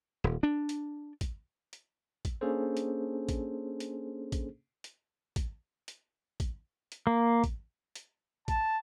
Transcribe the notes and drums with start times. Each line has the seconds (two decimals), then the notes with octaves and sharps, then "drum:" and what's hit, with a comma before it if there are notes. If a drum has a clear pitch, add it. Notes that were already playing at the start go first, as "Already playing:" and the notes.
0.24 D#1
0.43 D4
0.69 drum: hi-hat
1.21 drum: kick, hi-hat
1.73 drum: hi-hat
2.25 drum: kick, hi-hat
2.41 A#3 C#4 D4 G#4 A4 C5
2.77 drum: hi-hat
3.29 drum: kick, hi-hat
3.80 drum: hi-hat
4.32 drum: kick, hi-hat
4.84 drum: hi-hat
5.36 drum: kick, hi-hat
5.88 drum: hi-hat
6.40 drum: kick, hi-hat
6.92 drum: hi-hat
7.07 A#3
7.44 drum: kick, hi-hat
7.95 drum: hi-hat
8.48 A5, drum: kick, hi-hat